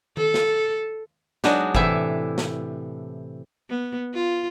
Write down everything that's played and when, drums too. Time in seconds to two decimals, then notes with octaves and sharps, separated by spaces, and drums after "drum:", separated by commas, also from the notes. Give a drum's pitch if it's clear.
0.17 A4, drum: tom D#3
0.34 drum: snare
1.44 F#3 G#3 B3 D4 D#4, drum: snare
1.75 A2 C3 E3 E4 E5, drum: kick F#1
2.38 drum: snare
3.69 B3
4.14 F4